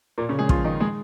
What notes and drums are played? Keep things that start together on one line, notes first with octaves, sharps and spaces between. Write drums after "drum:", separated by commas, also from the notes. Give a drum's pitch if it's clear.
A#2 A#3
C#3 C#4
G#3 G#4
F3 F4, drum: kick
D#3 D#4
G#3 G#4